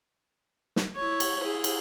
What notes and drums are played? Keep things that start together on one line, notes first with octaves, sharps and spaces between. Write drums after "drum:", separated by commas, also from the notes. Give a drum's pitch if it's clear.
drum: snare
E4 C#5
drum: cymbal
E4 G#4
drum: cymbal